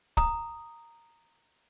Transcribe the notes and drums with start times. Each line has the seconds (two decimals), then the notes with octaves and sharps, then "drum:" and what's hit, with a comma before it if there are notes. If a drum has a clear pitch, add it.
0.17 A#5 D#6, drum: kick